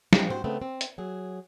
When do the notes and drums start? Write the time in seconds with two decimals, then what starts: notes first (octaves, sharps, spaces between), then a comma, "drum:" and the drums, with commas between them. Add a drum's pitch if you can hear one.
0.13 F3 C4 D#4, drum: snare
0.28 G#2 C4 F#4 A4 C5
0.44 C#3 A3 B3 C4
0.62 C4
0.81 drum: hi-hat
0.98 F#3 G#4